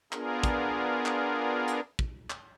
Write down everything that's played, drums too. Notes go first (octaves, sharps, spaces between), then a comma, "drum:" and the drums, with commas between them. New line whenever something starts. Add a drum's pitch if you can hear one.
B3 D4 F4 G#4 A#4, drum: clap
drum: kick, hi-hat
drum: clap
drum: hi-hat
drum: kick
drum: clap